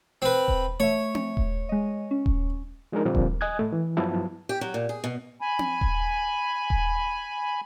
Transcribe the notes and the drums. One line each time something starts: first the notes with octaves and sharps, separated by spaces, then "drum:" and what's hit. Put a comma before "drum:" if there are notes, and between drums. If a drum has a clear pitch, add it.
C4 B4
drum: kick D#1
A3 C#5 E5
drum: tom C4
drum: kick D#1
G#3 D#5
C#4
drum: kick D#1
F3 G#3 D4 D#4 A#4
A#2 D3 F3 G3 A#3 C4
drum: kick D#1
D#5 G#5 D#6 F#6 G#6
A2 A3
E3
G2 F3 F#3 B3 E4 A5
G4
F#3
A#2
G#4
B2
G#5 B5
drum: tom C4
drum: kick D#1
drum: kick D#1